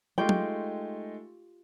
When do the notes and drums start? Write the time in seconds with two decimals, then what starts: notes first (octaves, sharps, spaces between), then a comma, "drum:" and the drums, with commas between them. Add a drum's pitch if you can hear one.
0.18 G#3 A3 D#4 F4 G4 G5 C#6
0.29 drum: tom F#3